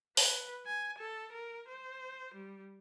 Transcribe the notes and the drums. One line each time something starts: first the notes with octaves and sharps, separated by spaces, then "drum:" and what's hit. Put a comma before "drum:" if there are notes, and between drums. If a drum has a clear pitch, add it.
B4, drum: open hi-hat
G#5
A4
A#4
C5
G3